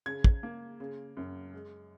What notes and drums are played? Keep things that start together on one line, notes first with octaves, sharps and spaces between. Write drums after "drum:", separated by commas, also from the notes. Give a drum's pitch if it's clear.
C#3 G#6
drum: kick
A#3
C#3
F#2
G#3